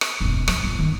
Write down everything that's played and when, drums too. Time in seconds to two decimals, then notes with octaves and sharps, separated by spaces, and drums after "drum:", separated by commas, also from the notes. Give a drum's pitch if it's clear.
0.01 drum: rim click
0.20 E1 C#4
0.48 F3, drum: rim click
0.63 G1
0.79 D#3 B3